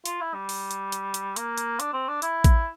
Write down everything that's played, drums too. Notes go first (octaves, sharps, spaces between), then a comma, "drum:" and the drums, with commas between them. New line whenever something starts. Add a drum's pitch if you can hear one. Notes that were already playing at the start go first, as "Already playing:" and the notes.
F4, drum: hi-hat
E4
G3
drum: open hi-hat
drum: hi-hat
drum: hi-hat
drum: hi-hat
A#3, drum: hi-hat
drum: hi-hat
D4, drum: hi-hat
C4
D4
E4, drum: hi-hat
drum: kick, hi-hat